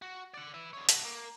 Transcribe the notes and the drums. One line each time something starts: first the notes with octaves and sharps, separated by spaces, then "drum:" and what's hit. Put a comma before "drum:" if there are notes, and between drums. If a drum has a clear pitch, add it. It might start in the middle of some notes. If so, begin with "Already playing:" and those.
F#4
D5 F#5
B4 E5
D3 C#5
F#4 A4, drum: hi-hat
A#3